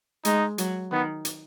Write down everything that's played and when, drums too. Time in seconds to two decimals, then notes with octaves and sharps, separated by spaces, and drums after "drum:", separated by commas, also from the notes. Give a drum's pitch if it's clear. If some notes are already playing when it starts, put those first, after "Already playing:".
0.25 G#3 D#4, drum: hi-hat
0.58 F#3, drum: hi-hat
0.92 D#3 B3
1.25 drum: hi-hat